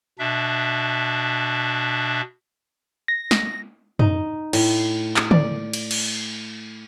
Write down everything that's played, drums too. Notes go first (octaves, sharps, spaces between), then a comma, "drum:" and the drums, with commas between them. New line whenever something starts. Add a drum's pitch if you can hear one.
B2 D4 E5
A#6
drum: snare
D#4, drum: tom
A2, drum: cymbal
drum: clap
D5, drum: tom
drum: cymbal
drum: cymbal